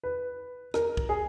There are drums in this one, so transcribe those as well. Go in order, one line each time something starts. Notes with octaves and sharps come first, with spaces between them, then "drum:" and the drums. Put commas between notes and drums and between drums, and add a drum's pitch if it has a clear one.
B4
A#4, drum: rim click
drum: kick C2
G#4